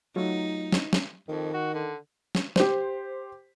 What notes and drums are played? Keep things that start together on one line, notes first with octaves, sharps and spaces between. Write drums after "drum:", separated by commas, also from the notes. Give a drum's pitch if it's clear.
F#3 A3 D#4 F4
drum: snare
drum: snare
F2 D#3
F#4
D3
drum: snare
G4 C5, drum: snare